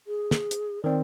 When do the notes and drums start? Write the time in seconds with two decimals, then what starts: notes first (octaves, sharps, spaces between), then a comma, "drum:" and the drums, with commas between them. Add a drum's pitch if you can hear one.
0.07 G#4
0.31 drum: snare
0.51 drum: hi-hat
0.84 D#3 C4 D5